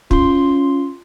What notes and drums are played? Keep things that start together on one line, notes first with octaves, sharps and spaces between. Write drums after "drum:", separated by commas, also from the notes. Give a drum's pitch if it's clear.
C#4 F4 C6, drum: kick